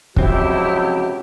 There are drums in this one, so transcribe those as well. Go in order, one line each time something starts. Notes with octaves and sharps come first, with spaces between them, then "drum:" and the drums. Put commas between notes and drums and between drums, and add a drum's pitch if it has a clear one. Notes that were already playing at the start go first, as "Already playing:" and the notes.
C#2 C3 F3 F#3 C4 E4 F#4 G4, drum: kick